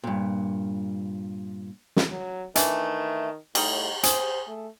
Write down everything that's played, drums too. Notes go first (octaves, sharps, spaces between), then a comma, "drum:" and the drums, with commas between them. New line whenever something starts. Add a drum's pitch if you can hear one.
G2 A#2
drum: snare
F#3
D#3 E3 A3 D4, drum: hi-hat
A2 G3 D#4, drum: cymbal
G#4 C5, drum: hi-hat
A3